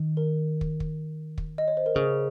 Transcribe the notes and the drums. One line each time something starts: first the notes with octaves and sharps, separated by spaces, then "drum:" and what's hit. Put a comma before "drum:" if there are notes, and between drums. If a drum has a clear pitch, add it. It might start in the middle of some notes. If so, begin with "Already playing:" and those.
Already playing: D#3
A#4
drum: kick
drum: kick
drum: kick
D#5
C#5
C5
A#4
C#3 G#4